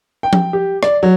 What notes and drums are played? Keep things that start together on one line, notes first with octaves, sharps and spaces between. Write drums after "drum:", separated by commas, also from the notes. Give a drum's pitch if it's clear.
G5
drum: tom F3
G4
D5, drum: rim click
F#3